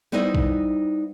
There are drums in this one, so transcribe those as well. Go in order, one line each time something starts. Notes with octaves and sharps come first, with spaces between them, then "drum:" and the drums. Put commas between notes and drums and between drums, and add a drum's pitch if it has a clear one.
G3 B3 D#4 E4 C5 D#5
drum: kick A#1